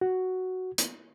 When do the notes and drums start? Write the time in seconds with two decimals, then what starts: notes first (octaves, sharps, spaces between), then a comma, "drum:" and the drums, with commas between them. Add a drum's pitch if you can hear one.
0.01 F#4
0.78 drum: hi-hat